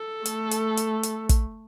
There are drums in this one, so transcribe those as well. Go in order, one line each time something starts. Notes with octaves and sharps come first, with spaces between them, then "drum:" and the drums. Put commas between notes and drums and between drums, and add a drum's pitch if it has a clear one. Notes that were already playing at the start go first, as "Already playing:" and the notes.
Already playing: A4
A3, drum: hi-hat
drum: hi-hat
drum: hi-hat
drum: hi-hat
drum: kick, hi-hat